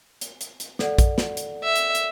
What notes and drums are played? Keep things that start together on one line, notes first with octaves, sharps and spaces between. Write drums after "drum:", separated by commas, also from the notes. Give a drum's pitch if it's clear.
drum: hi-hat
drum: hi-hat
drum: hi-hat
A4 D5 F#5, drum: snare
drum: kick A#1, hi-hat
drum: snare
drum: hi-hat
E5
drum: hi-hat
drum: hi-hat